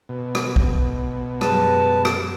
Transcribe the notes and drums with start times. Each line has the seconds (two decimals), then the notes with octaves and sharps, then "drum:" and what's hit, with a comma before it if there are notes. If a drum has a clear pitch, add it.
0.09 B2
0.35 drum: rim click
0.56 drum: kick
1.41 F#2 G3 G#3 B4 A5, drum: rim click
2.05 drum: rim click